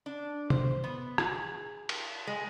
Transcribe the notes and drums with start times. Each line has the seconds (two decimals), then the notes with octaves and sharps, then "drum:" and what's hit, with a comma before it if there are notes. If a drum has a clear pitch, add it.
0.06 D4
0.50 C5, drum: tom
0.84 B3
1.18 G#4, drum: rim click
1.89 drum: cymbal
2.27 G#3